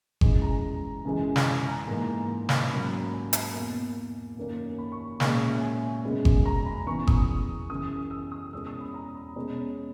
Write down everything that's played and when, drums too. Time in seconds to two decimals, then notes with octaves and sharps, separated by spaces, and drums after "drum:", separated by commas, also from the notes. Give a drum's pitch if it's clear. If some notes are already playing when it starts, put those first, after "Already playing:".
0.21 C#3 E3 G#3, drum: kick G1
0.42 A#5
1.05 F#2 C#3 E3 G#3
1.36 drum: snare
1.46 G#5
1.67 A#5
1.88 G#2 E3 A#3
2.49 drum: snare
2.70 G#2 F#3 A#3 C#4 B5
2.85 A#5
2.99 A#5
3.12 G#5
3.33 G#5, drum: hi-hat
3.53 E2 B2 A#3
4.37 F#2 D#3 A#3 C#4
4.78 B5
4.92 C#6
5.20 A#2 G#3 C#4 C#6, drum: snare
5.41 E5
5.61 G#5
6.03 F#2 C#3 G#3 B3
6.25 drum: kick G1
6.46 A#5
6.66 B5
6.86 C#3 E3 B3 C#6
7.07 D#6, drum: kick G1
7.69 F#2 C#3 E3 D#6
8.11 E6
8.32 D#6
8.53 E2 B2 G#3 C#4 E6
8.67 D#6
8.81 B5
8.94 A#5
9.15 B5
9.36 B2 G#3 C#4